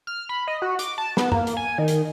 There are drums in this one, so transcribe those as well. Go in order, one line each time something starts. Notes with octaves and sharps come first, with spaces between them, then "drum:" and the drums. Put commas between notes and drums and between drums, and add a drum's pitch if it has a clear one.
F6
B5
D#5
F#4
D6, drum: hi-hat
A5
B3, drum: snare
A#3, drum: tom F#2
drum: hi-hat
G#5
D#3
drum: hi-hat